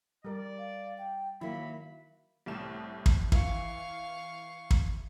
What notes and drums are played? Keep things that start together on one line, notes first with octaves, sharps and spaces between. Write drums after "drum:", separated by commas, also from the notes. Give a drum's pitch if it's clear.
G3 A#4 D5
F5
G5
D#3 F#3 A#3 E4 E5 B5
C2 A2 E7
drum: kick
E3 F5 C#6, drum: kick
drum: kick